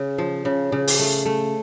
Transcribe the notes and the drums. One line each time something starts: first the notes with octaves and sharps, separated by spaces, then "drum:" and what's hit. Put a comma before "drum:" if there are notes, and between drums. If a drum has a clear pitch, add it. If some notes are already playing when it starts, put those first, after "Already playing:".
Already playing: C#3
F3
C#3
C#3
drum: open hi-hat
A3
A3